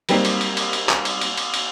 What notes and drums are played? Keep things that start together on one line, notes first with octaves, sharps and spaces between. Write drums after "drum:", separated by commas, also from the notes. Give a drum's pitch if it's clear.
F#3 G3 A#3 C4 D#4, drum: cymbal
drum: cymbal
drum: cymbal
drum: cymbal
drum: cymbal
drum: clap
drum: cymbal
drum: cymbal
drum: cymbal
drum: cymbal